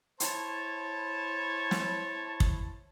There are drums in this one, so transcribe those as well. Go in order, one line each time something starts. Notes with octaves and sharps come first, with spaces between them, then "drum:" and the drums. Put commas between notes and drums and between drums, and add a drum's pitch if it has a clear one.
E4 C5 C#5 A5, drum: hi-hat
drum: snare
drum: kick